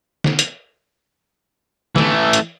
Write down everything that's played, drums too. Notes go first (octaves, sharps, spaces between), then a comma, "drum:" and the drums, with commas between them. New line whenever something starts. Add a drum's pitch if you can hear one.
drum: snare
drum: hi-hat
E3 A3, drum: snare
drum: hi-hat